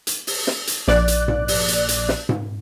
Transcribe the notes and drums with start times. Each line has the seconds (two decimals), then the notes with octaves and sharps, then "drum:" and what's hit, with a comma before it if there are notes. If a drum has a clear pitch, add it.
0.07 drum: hi-hat
0.27 drum: open hi-hat
0.47 drum: snare
0.67 drum: hi-hat
0.88 A#1 D5 F#6, drum: snare
1.08 drum: hi-hat
1.28 drum: tom G#2
1.48 drum: open hi-hat
1.68 drum: hi-hat
1.88 drum: hi-hat
2.09 drum: snare
2.29 drum: tom G#2